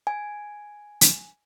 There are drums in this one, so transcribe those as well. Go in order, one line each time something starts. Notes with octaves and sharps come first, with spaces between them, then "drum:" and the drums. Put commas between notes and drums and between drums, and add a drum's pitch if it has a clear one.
G#5
drum: hi-hat